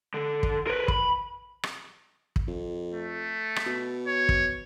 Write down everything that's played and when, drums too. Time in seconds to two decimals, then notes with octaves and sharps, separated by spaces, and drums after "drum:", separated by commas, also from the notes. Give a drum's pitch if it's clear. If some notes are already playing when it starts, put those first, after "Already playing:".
0.14 D3
0.43 drum: kick
0.67 A#4 B4
0.88 B5, drum: kick
1.63 drum: rim click
2.36 drum: kick
2.47 F2
2.93 A3
3.56 drum: rim click
3.66 B2
4.07 C#5
4.29 drum: kick